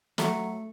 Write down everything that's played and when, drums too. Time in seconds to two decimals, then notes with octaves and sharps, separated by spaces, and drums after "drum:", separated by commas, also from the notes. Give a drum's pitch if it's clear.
0.18 F#3 A3, drum: snare